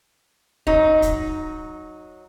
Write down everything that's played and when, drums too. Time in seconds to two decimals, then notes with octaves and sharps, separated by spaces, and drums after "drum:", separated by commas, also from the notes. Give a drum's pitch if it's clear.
0.67 F#3 D#4, drum: kick
1.02 drum: kick, hi-hat